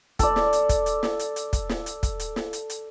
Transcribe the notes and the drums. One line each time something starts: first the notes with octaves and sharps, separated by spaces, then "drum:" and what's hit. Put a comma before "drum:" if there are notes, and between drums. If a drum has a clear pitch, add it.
A4 D5, drum: kick, hi-hat
drum: snare
drum: hi-hat
drum: kick, hi-hat
drum: hi-hat
drum: snare
drum: hi-hat
drum: hi-hat
drum: kick, hi-hat
drum: snare
drum: hi-hat
drum: kick, hi-hat
drum: hi-hat
drum: snare
drum: hi-hat
drum: hi-hat